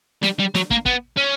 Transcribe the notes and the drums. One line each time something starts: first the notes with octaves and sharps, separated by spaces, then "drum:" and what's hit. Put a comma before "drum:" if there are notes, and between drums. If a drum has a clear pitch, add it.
G3, drum: snare
G3
F#3, drum: snare
A#3, drum: kick
B3, drum: kick
C#4